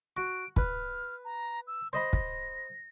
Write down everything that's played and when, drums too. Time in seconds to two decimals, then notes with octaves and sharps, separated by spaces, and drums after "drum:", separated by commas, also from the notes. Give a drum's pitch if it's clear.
0.17 F#4 D7
0.56 B4 F6, drum: kick
1.25 A#5
1.67 E6
1.93 C5 D#5 B5 A#6
2.13 drum: kick